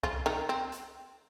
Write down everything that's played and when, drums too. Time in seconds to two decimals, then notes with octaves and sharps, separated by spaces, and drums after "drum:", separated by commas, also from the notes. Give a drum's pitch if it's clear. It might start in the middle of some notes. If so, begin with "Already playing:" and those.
0.03 F3 F4, drum: kick C2
0.26 D#3 D#4
0.49 C4
0.72 drum: hi-hat